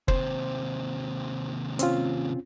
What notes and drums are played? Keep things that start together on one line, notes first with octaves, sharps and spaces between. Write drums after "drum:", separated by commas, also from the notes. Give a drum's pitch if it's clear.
D#2 C3 C5, drum: kick
C4 C#4 F4, drum: hi-hat